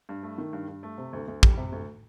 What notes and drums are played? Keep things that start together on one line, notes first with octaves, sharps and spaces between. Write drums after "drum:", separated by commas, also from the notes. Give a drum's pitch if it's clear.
G2
A3
D#3
G2
G2
A3
C3
D2
D2
G3, drum: kick
C3
D2